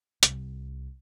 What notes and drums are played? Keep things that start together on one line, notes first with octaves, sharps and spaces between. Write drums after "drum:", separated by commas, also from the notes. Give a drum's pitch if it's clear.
C2, drum: hi-hat